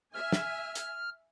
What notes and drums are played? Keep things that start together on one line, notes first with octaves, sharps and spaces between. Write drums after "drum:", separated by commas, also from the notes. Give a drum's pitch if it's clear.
E5 G#5 F6
drum: snare
drum: hi-hat